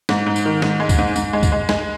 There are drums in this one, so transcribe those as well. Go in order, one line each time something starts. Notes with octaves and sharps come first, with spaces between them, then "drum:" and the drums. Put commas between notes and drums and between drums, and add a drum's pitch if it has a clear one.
G#2, drum: snare
G#2
drum: tambourine
D#3
G#2, drum: snare
G#3
drum: kick D2, tambourine
G#2
G#2, drum: tambourine
G#3
drum: kick D2, tambourine
G#3
G#3, drum: snare